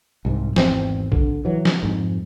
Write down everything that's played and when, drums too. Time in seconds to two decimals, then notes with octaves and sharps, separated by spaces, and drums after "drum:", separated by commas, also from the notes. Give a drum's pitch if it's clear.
0.25 C2 G#2
0.56 G#1 E2 C4, drum: snare
1.12 D3, drum: kick A#1
1.45 E3 F#3
1.65 drum: snare
1.83 F2 G#2